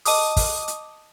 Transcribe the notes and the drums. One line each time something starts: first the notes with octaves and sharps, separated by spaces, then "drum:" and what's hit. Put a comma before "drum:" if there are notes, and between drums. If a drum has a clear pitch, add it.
D#5 A5 D6 D#6, drum: open hi-hat
drum: kick, open hi-hat
drum: hi-hat